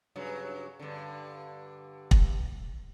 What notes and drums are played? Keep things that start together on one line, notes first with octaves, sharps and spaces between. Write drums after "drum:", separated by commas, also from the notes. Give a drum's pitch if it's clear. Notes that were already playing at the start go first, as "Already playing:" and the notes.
G2 C#3 F#3
G2 D3
drum: kick